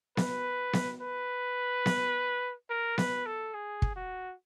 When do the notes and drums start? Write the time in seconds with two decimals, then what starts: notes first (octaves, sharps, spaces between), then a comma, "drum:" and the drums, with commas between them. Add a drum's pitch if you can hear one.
0.17 B4, drum: snare B3
0.73 drum: snare B3
1.02 B4
1.86 drum: snare B3
2.70 A#4
2.98 B4, drum: snare B3
3.26 A4
3.54 G#4
3.82 drum: kick
3.96 F#4